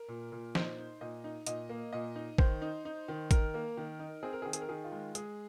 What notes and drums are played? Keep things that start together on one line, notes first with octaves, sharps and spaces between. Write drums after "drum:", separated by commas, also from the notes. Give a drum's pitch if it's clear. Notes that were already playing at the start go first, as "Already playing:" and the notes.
Already playing: A#4
A#2
A#2
D#4 C5, drum: snare
D#4
A#2 D#5
D#4
A#2 D#5, drum: hi-hat
A#3
A#2 D#5
D#4
D#3 C5, drum: kick
D#4
D#4
D#3
D#3 A#4, drum: kick, hi-hat
A#3
D#3
D#4
C4 G#4
A#4
G#4
D#3
G#4, drum: hi-hat
A#4
D#3 G#4
F4
G#3
G#3 G#4, drum: hi-hat